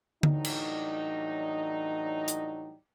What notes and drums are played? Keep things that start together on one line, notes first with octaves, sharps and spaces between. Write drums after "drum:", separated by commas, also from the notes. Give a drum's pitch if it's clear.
A2 E3 F#3 G3 D4 D#4, drum: tom D3
drum: cymbal
drum: hi-hat